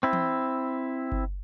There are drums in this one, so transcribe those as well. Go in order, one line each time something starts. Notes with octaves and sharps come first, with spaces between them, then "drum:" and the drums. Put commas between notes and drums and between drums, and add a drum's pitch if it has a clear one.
C4 E4
drum: tom E3
drum: kick G1